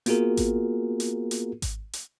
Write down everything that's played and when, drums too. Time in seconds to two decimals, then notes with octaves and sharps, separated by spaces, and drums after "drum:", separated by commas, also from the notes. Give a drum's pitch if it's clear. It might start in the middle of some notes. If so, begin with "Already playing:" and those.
0.06 A#3 B3 F4 F#4 G#4 A#4, drum: hi-hat
0.37 drum: kick G#1, hi-hat
1.00 drum: hi-hat
1.31 drum: hi-hat
1.62 drum: kick G#1, hi-hat
1.93 drum: hi-hat